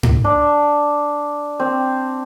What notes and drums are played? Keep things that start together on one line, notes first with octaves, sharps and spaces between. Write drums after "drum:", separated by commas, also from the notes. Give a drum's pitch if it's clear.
drum: tom G#2
D4
C4